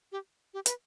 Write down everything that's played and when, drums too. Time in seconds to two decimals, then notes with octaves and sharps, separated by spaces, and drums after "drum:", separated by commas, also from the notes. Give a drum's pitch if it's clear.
0.12 G4
0.54 G4
0.66 B4, drum: hi-hat